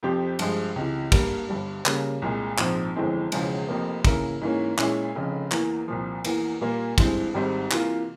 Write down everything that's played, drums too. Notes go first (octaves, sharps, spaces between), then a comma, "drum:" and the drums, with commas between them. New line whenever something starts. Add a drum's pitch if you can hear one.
F2 C3 F3 C4 G4
G2 F3 G#3, drum: cymbal
C#2 C3 E3
G2 G3 A#3, drum: kick, cymbal
G1 G2 G3
C#3 G3 A#3, drum: clap
C2 A#2 G#3
A#1 G#2 F3 C4, drum: clap
G1 F2 E3 G#3 C4
E1 E2 C#3 F3 G#3, drum: cymbal
F1 F2 C3 F3 A#3
C#3 E3 A#3 E4 A#4, drum: kick, cymbal
G#2 E3 A#3 C#4
A#2 G#3 C#4 E4, drum: clap
F1 F2 C#3
E2 E3 A#3, drum: clap
C2 A#2 F3
E2 E3 A#3, drum: cymbal
A#2 G3 A#3 F4
G2 E3 G#3 C4, drum: kick, cymbal
G#1 G#2 G3 C4
C3 E3 A#3 F4, drum: clap